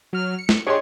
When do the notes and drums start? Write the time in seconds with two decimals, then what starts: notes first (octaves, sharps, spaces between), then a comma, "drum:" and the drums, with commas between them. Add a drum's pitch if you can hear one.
0.13 F#3 F6
0.38 C#7
0.49 drum: snare
0.67 D4 G4 G#4 C#5 D#5 C6